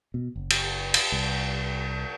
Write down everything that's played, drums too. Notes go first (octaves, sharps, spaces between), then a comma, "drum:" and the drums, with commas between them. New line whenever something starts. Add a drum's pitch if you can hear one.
B2
F#1
drum: cymbal
drum: cymbal
C2